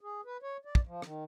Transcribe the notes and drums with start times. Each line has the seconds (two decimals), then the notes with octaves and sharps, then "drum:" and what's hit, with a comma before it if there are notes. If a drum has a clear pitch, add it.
0.01 G#4
0.25 B4
0.42 C#5
0.65 D5
0.75 drum: kick
0.87 F3
1.02 D#3, drum: rim click